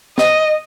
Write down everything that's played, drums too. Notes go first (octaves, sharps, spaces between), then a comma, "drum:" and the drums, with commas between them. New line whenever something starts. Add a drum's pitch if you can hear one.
D#5, drum: snare